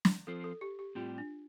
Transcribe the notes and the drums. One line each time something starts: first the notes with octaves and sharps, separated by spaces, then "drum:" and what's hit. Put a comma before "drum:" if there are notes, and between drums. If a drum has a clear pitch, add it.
drum: snare
F3 C4 F4 A4 C5
A4
G4
G4
A2 G3 C4 F4 G4
D4